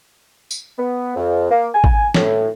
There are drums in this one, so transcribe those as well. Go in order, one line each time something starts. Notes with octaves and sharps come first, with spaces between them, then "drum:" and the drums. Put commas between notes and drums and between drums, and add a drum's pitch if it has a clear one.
drum: tambourine
B3
F2
A#3
G#5
drum: kick
A2, drum: snare